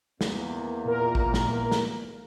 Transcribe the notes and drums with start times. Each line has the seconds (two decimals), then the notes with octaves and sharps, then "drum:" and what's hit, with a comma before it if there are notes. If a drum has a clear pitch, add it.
0.21 E2 A#3, drum: snare
0.85 A#2 A#4
1.15 drum: kick A1
1.34 drum: snare
1.72 drum: snare